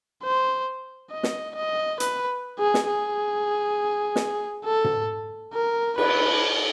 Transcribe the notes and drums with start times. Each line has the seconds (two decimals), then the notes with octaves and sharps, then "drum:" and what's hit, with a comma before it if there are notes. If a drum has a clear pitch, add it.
0.23 C5
1.11 D#5
1.23 drum: snare
1.56 D#5
2.00 B4, drum: hi-hat
2.59 G#4
2.74 drum: snare
2.88 G#4
4.16 drum: snare
4.65 A4
4.84 drum: tom
5.54 A#4
5.98 B4, drum: cymbal